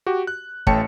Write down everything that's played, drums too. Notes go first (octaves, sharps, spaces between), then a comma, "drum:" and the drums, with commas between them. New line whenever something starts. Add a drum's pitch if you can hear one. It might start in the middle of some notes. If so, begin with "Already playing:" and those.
F#4 G4
F#6
A1 A3 C#5 G5 A5 C#7, drum: kick